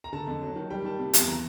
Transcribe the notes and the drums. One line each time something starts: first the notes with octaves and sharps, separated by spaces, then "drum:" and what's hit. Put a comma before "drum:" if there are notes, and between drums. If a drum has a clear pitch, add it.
A#5
D3 A5
F2
F#3
D#3
G3 G5
D#3 A5
C3
E2, drum: hi-hat
E3 A#5